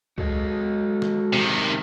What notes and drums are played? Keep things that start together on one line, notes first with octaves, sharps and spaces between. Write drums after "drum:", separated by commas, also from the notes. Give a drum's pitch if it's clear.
G#3 F#4 A4 D#5, drum: kick C#2
drum: snare
C3 D#3